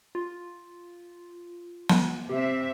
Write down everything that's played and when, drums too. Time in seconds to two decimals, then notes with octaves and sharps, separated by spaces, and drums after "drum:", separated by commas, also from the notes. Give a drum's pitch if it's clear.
0.15 F4
1.89 drum: snare
2.29 C3 C4 G4 E5